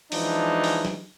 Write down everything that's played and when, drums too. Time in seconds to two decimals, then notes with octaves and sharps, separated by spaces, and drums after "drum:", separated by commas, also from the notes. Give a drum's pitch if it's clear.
0.12 E3 F3 G#3 D4 D#4, drum: open hi-hat
0.64 drum: open hi-hat
0.85 drum: snare